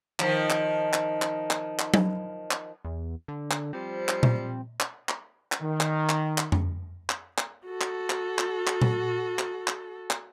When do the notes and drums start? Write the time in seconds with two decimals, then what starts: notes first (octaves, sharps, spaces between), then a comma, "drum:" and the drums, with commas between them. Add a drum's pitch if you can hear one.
0.20 D#3 F3, drum: clap
0.50 drum: clap
0.93 drum: clap
1.22 drum: clap
1.51 drum: clap
1.79 drum: clap
1.94 drum: tom F#3
2.51 drum: clap
2.85 E2
3.28 D3
3.51 drum: clap
3.73 F3 G3 C4
4.09 drum: clap
4.23 drum: tom A#2
4.80 drum: clap
5.09 drum: clap
5.52 drum: clap
5.62 D#3
5.81 drum: clap
6.09 drum: clap
6.38 drum: clap
6.52 drum: tom F2
7.10 drum: clap
7.38 drum: clap
7.67 F#4 A4
7.81 drum: clap
8.10 drum: clap
8.39 drum: clap
8.67 drum: clap
8.82 drum: tom A#2
9.39 drum: clap
9.68 drum: clap
10.11 drum: clap